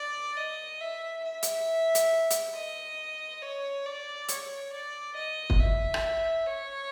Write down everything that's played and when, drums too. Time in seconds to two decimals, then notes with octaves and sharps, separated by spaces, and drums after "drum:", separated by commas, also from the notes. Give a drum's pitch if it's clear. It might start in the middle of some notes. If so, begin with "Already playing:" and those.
Already playing: D5
0.37 D#5
0.81 E5
1.24 E5
1.43 drum: hi-hat
1.95 drum: hi-hat
2.31 drum: hi-hat
2.55 D#5
3.41 C#5
3.85 D5
4.29 C#5, drum: hi-hat
4.73 D5
5.16 D#5
5.50 drum: kick
5.60 E5
5.94 drum: rim click
6.46 C#5